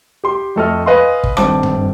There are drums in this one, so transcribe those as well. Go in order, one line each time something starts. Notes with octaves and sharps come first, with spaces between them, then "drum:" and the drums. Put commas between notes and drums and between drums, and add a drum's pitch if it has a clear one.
G4 C6
F2 A3 A4 D#5 F6
B4 D#5 F5 G#5 C6
drum: kick
D#1 G2 C4 A5 D6, drum: rim click
drum: tom G2